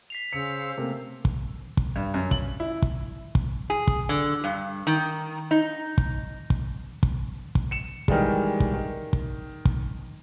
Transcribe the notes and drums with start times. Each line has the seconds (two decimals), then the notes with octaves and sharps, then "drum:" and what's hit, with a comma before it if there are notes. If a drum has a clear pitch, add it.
0.10 B6 C7 F7
0.33 C#3 C5 F5 E6 C#7
0.77 C3 A3 A#3
1.25 drum: kick
1.77 drum: kick
1.96 G2
2.14 F#2
2.31 F#7, drum: kick
2.60 E4
2.82 drum: kick
3.35 drum: kick
3.70 G#4
3.87 drum: kick
4.09 D3
4.44 G2
4.87 D#3
5.51 D#4
5.98 drum: kick
6.50 drum: kick
7.03 drum: kick
7.55 drum: kick
7.71 C#7 E7
8.08 D#3 E3 G3 G#3, drum: kick
8.60 drum: kick
8.73 D#3
9.13 drum: kick
9.65 drum: kick